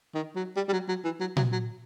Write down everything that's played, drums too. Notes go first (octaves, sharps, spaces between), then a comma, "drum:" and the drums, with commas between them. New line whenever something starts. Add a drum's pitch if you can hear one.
D#3
F#3
G3
G3
F#3
F#3
E3
F#3
F#3, drum: tom A#2
F#3